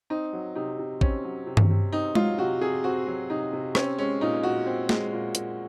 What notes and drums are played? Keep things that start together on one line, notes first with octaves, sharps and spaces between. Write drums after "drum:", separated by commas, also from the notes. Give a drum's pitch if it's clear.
C4 D#4
F#3
C3 D#4
C3
C4 C#4, drum: kick
F#3
C3
drum: tom G2
C3
C4 D#4
F#3 F4, drum: tom G#3
C3 F#4
C3 G#4
C4 F#4
F#3
C3 D#4
C3
C4 C#4, drum: rim click
G#3 C#4
A#2 D#4
A#2 F#4
C4
G#3, drum: snare
A#2
A#2, drum: hi-hat